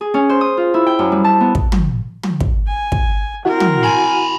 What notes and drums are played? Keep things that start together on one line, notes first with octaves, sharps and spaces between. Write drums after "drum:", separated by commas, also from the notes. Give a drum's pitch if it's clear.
G#4
C#4
C5
D#6
F4
E4
G5
F#2
G3
A5
B3
drum: kick
drum: tom
drum: tom
drum: kick
G#5
drum: kick
C4 E4 F#4 A#4 F#5
drum: tom
G#5 A#5 B5